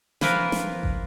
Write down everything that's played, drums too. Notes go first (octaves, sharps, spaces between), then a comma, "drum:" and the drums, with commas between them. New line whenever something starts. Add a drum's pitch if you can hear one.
E3 F3 F4 A#4 B4, drum: snare
drum: snare
drum: kick G#1